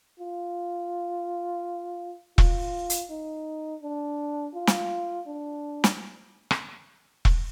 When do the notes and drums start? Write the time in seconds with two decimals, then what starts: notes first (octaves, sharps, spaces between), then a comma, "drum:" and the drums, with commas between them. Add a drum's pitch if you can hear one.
0.20 F4
2.38 F4, drum: kick E1
2.90 drum: hi-hat
3.10 D#4
3.82 D4
4.55 F4
4.67 drum: snare
5.27 D4
5.84 drum: snare
6.51 drum: rim click
7.25 drum: kick E1